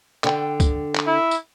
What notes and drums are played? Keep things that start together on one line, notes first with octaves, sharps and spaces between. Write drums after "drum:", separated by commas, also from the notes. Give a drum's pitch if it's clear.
D3 G5, drum: clap
drum: kick C#2, tambourine
drum: clap
E4
drum: tambourine